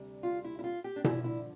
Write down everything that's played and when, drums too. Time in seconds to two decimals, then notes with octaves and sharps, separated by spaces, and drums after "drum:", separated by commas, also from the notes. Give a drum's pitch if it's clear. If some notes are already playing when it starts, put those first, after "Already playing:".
Already playing: D2 C3 G3
0.23 F4
0.44 E4
0.59 E4
0.64 F4
0.84 G4
0.96 D4
1.04 G2 D3 F3 E4, drum: tom B2
1.24 E4